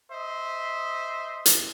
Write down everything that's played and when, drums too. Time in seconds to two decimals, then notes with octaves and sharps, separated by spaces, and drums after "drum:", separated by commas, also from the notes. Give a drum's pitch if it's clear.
0.11 C5 D#5 E5
1.46 drum: hi-hat